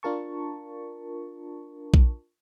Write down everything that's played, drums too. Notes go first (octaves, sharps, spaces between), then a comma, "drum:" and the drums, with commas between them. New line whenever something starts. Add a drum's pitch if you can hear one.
D4 F4 A#4 A5 C#6
drum: kick A#1